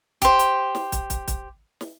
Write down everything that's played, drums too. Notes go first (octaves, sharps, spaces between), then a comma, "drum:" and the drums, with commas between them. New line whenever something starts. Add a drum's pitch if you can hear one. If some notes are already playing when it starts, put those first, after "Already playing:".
G4 C5, drum: kick, hi-hat
drum: hi-hat
drum: snare
drum: kick, hi-hat
drum: kick, hi-hat
drum: kick, hi-hat
drum: snare